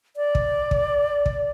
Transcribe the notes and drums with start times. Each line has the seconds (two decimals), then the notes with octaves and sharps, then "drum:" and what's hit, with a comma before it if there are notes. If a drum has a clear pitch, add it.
0.17 D5
0.35 drum: kick
0.71 drum: kick
1.26 drum: kick